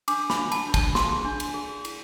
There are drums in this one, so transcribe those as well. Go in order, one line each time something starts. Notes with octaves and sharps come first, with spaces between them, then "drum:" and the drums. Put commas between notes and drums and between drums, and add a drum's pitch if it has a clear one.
D4 D6, drum: cymbal
B5, drum: snare
D4
A5, drum: cymbal
D4 B5
A5, drum: kick, cymbal
G#4 C6, drum: snare
D4
drum: cymbal
G#4
E4, drum: cymbal